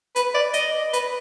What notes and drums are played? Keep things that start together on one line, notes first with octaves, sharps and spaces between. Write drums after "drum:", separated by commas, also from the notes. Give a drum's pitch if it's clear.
B4, drum: hi-hat
D5
D#5, drum: hi-hat
B4, drum: hi-hat